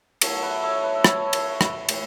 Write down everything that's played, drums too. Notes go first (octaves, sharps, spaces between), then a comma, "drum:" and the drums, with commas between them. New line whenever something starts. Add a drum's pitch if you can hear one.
B2 F#3 A4 C#5, drum: cymbal
B4 E5
A4 C#5
B4 E5
E5
A4 C#5, drum: rim click
drum: cymbal
drum: rim click
A2 E3, drum: cymbal